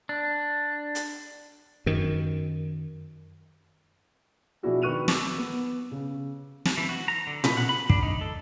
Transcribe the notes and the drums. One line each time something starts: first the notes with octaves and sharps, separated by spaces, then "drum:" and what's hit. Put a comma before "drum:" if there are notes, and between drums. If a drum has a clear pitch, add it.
D4
drum: hi-hat
F#2 D#3
B2 F3 D4 E4 F#4 G#4
D#3 B4 C#6 F#6 D#7 F7
C#6 D6 E6, drum: snare
B3
C#3
drum: snare
E3
F#4
A#5
D3
B4, drum: tom A#2
F#5
B5
D4, drum: kick
D#4
A4